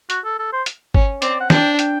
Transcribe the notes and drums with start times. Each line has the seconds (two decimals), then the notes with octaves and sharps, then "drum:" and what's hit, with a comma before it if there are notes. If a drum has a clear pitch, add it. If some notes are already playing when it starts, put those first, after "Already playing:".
0.10 F#4, drum: hi-hat
0.25 A4
0.39 A4
0.53 C5
0.66 drum: hi-hat
0.94 C#4, drum: kick G1
1.22 C4 D5, drum: hi-hat
1.41 F#5
1.50 D4 G5, drum: snare
1.79 G5, drum: hi-hat